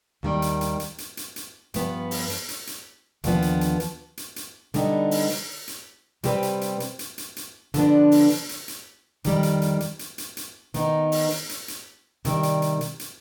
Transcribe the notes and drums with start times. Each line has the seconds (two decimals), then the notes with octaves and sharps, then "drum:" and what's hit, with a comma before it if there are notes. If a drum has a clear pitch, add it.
0.23 D#2 D#3 G3
0.42 drum: hi-hat
0.61 drum: hi-hat
0.80 drum: hi-hat
0.98 drum: hi-hat
1.17 drum: hi-hat
1.36 drum: hi-hat
1.74 G2 F3 B3, drum: hi-hat
2.11 drum: open hi-hat
2.30 drum: hi-hat
2.49 drum: hi-hat
2.67 drum: hi-hat
3.24 D#2 D3 F3 B3, drum: hi-hat
3.42 drum: hi-hat
3.61 drum: hi-hat
3.80 drum: hi-hat
4.17 drum: hi-hat
4.36 drum: hi-hat
4.74 D3 G3 B3 D#4, drum: hi-hat
5.11 drum: open hi-hat
5.30 drum: hi-hat
5.68 drum: hi-hat
6.23 C3 G3 C4 G4 B4, drum: hi-hat
6.43 drum: hi-hat
6.61 drum: hi-hat
6.80 drum: hi-hat
6.99 drum: hi-hat
7.18 drum: hi-hat
7.36 drum: hi-hat
7.74 D3 F3 G#3 B3 D4, drum: hi-hat
8.12 drum: open hi-hat
8.30 drum: hi-hat
8.49 drum: hi-hat
8.68 drum: hi-hat
9.24 F2 D#3 G3, drum: hi-hat
9.43 drum: hi-hat
9.62 drum: hi-hat
9.80 drum: hi-hat
9.99 drum: hi-hat
10.18 drum: hi-hat
10.37 drum: hi-hat
10.74 D#3 B3 D#4, drum: hi-hat
11.12 drum: open hi-hat
11.31 drum: hi-hat
11.49 drum: hi-hat
11.68 drum: hi-hat
12.25 C3 D#3 G3, drum: hi-hat
12.43 drum: hi-hat
12.62 drum: hi-hat
12.81 drum: hi-hat
12.99 drum: hi-hat